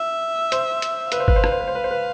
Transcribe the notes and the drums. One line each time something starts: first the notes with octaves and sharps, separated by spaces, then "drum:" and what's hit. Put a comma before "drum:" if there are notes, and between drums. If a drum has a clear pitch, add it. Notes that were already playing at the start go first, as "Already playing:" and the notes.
Already playing: E5
C5, drum: hi-hat
drum: hi-hat
B4 F5, drum: hi-hat
C5
B4, drum: kick G1
C5
B4, drum: rim click
C5
B4
C5
B4
C5
B4